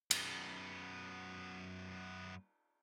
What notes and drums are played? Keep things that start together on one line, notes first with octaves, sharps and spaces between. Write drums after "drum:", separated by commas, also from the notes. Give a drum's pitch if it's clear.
F#2 B3, drum: cymbal